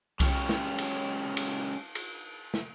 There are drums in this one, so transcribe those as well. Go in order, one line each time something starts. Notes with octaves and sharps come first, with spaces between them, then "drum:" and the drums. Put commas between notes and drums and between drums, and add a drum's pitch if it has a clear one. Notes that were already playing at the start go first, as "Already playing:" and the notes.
G#3 C#4 F4 G4 C#5, drum: kick C2, cymbal
drum: snare
drum: cymbal
drum: cymbal
drum: cymbal
drum: snare